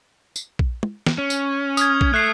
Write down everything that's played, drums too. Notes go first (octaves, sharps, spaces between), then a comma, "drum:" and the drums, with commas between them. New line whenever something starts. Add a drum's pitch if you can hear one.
drum: tambourine
drum: kick A#1
drum: tom
drum: snare
C#4
drum: tambourine
D#6 F6 G#6, drum: tambourine
drum: kick A#1
A3 F#6 C7